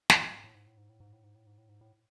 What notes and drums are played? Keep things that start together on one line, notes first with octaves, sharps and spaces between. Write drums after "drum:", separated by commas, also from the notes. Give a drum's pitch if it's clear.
G#2, drum: snare
A2
G#2
A2
G#2
A2
G#2
A2
G#2
A2
G#2
A2
G#2
A2
G#2
A2